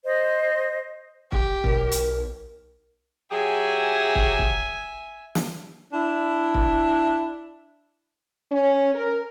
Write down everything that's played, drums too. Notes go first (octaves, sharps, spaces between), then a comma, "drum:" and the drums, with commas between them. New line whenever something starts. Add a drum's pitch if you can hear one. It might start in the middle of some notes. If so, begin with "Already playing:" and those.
C5 D#5
G4, drum: kick
B1 A#4, drum: kick
drum: hi-hat
F#3 G4 G#4 E5 G#5
drum: kick
drum: kick
drum: snare
D4 E4
drum: kick
C#4
A#4